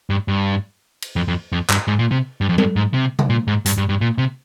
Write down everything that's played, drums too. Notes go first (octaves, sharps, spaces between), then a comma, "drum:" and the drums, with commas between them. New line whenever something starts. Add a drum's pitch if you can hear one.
G2
G2
drum: cymbal
F2
F2
F2
G2, drum: clap
G#2
A#2
C3
G2
F2
G2, drum: tom F#3
G#2
C3
drum: tom C3
A#2
G#2
G2, drum: hi-hat
G2
G2
A#2
C3